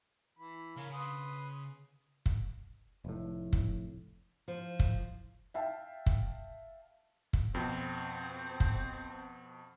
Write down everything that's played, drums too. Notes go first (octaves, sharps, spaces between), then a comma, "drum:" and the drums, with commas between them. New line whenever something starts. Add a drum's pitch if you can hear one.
E3 B5
C#3 C#4 A#4 F5 B5
B4 C6 D#6
drum: kick
F1 A2
drum: kick
F3
drum: kick
E5 F5 G5 A5
drum: kick
drum: kick
F2 B2 C4
drum: kick